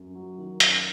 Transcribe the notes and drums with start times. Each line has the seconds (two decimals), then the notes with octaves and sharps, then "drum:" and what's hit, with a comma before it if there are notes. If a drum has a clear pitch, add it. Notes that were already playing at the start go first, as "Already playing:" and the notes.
Already playing: F#2
0.15 F#3
0.38 D#3
0.60 F#2, drum: hi-hat